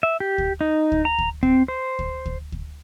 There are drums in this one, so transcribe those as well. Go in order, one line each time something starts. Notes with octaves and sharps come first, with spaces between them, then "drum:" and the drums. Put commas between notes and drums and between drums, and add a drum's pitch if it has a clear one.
E5
G4
drum: kick
D#4
drum: kick
A#5
drum: kick
C4, drum: kick
C5
drum: kick
drum: kick
drum: kick